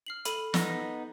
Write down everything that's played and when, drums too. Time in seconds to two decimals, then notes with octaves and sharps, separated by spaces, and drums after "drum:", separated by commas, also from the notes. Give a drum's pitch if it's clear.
0.06 F6 C7 F#7
0.25 A4 B5 D#7, drum: hi-hat
0.54 B3 D#4, drum: snare